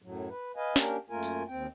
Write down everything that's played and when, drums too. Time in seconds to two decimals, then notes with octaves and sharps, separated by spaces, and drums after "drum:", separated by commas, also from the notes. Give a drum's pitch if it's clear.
0.02 F#2 A2 F#3
0.29 B4
0.56 B4 D#5 F5 G#5
0.76 A#3 C#4 D4 G4 A#4, drum: snare
1.10 F#2 A3 A#3 F4 A#4 G#5
1.23 drum: tambourine
1.48 D#2 C4 G5